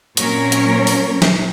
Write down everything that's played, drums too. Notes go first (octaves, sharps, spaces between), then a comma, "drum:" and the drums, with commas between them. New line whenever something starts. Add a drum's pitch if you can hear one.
A#2 F#3 C4 C#4 A#4 C#5, drum: hi-hat
drum: hi-hat
drum: open hi-hat
drum: snare